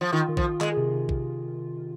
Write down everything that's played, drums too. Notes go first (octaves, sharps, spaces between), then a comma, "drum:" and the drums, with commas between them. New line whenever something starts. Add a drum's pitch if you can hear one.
F3
D#3 F4
D#3
F3, drum: kick A#1
F4
D#3 G#3, drum: clap
C3
C3
drum: kick A#1